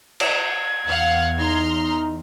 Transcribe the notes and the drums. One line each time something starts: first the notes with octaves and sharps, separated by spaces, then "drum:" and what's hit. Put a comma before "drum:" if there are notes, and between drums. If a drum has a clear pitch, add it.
G#6, drum: cymbal
E2 F5 F#5
D#4 A#5 C6 F6